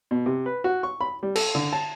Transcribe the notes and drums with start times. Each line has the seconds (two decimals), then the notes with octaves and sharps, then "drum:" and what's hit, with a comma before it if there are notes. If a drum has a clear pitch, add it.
0.11 B2
0.26 C3
0.46 B4
0.64 F#4
0.83 C#6
1.01 B5
1.23 G3
1.35 A4, drum: cymbal
1.55 D3
1.73 A5